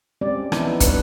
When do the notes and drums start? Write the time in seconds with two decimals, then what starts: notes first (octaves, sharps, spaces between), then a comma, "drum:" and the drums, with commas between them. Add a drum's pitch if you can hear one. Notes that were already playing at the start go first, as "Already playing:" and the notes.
0.21 G#3 C4 C#4 G4 D5
0.52 E3 F3 B3 D#4 E4, drum: rim click
0.80 G3 D4 B4 C#5, drum: kick, hi-hat